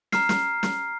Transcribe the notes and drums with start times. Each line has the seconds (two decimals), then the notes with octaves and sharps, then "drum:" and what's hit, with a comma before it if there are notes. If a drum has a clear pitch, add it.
0.12 A#5 F6 C7, drum: snare
0.29 drum: snare
0.63 drum: snare